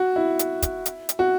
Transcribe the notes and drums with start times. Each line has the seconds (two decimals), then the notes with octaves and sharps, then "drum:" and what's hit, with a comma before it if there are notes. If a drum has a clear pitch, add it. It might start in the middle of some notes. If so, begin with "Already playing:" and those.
Already playing: F#4
0.16 E4
0.39 drum: hi-hat
0.62 drum: kick, hi-hat
0.86 drum: hi-hat
1.09 drum: hi-hat
1.19 F#4